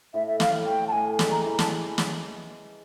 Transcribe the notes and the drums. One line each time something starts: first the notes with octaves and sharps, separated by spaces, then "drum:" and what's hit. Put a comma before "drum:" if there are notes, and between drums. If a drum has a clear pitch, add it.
A2 E5
E5
A2 F5, drum: snare
A3 G5
A5
A2 G#5
G#3, drum: snare
A#5
E3
A5, drum: snare
drum: snare